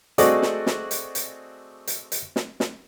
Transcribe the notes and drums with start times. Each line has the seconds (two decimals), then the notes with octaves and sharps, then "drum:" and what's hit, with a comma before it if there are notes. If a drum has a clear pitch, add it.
0.18 A3 C4 F#4 G#4 D5 D#5, drum: hi-hat
0.42 drum: snare
0.66 drum: snare
0.91 drum: hi-hat
1.15 drum: hi-hat
1.87 drum: hi-hat
2.12 drum: hi-hat
2.36 drum: snare
2.60 drum: snare